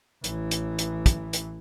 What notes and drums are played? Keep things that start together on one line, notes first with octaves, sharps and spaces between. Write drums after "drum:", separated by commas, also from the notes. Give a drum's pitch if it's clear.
A1 E3, drum: hi-hat
drum: hi-hat
drum: hi-hat
drum: kick, hi-hat
drum: hi-hat